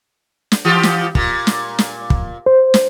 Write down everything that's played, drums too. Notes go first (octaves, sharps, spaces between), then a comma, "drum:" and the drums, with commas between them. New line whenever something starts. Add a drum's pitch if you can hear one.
drum: snare
E3 F4 G4
drum: snare
A#2, drum: kick
drum: snare
drum: snare
drum: kick
C5
drum: snare